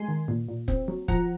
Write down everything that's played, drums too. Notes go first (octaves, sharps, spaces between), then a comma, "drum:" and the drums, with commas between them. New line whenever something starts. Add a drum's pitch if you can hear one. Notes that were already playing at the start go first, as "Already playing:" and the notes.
Already playing: G#3 G#5 C6
D#3
A#2
A#2
C4, drum: kick
F#3
F3 F#5 A#5, drum: kick